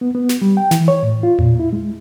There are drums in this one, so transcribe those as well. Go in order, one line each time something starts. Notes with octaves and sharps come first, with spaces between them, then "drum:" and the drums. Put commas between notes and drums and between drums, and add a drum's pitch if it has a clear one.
B3
B3
drum: snare
G3
G5
E3, drum: snare
C#5
A2
F4
A#2, drum: tom E2
E4
G#3